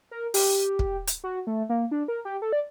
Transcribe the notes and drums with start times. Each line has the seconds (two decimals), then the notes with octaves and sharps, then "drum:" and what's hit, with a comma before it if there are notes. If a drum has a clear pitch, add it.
0.11 A#4
0.34 G4, drum: open hi-hat
0.79 drum: kick
1.08 drum: hi-hat
1.24 F#4
1.47 A3
1.69 A#3
1.91 D4
2.08 A#4
2.25 G4
2.42 A4
2.53 D5